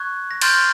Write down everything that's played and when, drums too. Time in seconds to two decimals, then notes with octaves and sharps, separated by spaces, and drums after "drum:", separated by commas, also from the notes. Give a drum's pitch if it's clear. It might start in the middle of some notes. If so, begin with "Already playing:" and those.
Already playing: C#6 F#6 G#6
0.31 A#6
0.41 C6 F6 G6 A6, drum: cymbal